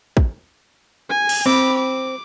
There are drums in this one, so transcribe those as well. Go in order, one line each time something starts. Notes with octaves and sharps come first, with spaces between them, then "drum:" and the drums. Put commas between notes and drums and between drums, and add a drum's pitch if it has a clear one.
drum: kick
G#5
drum: cymbal
C4 B5 D6
D6